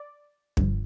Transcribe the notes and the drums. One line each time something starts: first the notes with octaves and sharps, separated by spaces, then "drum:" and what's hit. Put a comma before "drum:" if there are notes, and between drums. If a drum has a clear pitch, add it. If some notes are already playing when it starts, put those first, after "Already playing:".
Already playing: D5
G2 D3 F3, drum: kick